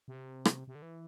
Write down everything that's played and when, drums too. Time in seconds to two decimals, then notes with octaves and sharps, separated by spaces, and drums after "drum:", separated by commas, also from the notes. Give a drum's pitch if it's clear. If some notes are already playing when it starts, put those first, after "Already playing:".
0.08 C3
0.45 drum: rim click
0.68 C3
0.75 D3
0.82 E3